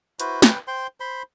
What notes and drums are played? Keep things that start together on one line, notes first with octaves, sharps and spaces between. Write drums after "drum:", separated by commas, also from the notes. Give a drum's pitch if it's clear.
E4 F#4 B4 C5, drum: hi-hat
B4 G5, drum: snare
C5 G5 C6
C5 B5 C6